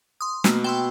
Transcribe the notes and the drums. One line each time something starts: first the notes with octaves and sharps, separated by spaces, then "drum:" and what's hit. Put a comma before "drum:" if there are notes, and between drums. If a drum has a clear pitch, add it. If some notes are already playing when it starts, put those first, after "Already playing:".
C6 D#6
B2 A3 A#3, drum: snare
G5 A5 C6 E6